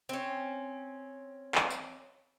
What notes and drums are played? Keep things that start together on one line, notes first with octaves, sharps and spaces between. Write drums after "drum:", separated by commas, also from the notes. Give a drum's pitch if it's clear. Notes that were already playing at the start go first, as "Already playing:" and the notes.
C4 C#4
drum: clap
drum: tambourine